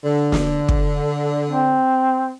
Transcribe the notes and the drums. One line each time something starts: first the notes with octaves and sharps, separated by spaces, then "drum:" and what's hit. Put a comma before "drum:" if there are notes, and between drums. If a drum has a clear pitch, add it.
D3
drum: snare
drum: kick
C4